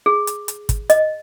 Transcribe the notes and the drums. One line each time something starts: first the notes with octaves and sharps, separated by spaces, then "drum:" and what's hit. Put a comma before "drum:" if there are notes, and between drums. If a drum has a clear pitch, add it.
G#4
drum: hi-hat
drum: hi-hat
drum: kick, hi-hat
D#5, drum: hi-hat